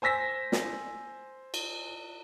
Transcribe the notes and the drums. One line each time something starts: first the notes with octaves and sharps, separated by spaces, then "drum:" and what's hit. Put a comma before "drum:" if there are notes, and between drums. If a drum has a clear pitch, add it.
C5 G#5 E6 A#6 B6
drum: snare
drum: cymbal